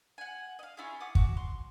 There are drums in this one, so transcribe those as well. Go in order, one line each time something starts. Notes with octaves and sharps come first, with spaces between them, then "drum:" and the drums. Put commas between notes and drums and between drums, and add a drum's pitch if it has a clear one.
F#5 G#5
D#5 F5
C#4 E4 F4 G#4
F#5 D6 D#6
F#4, drum: kick
C6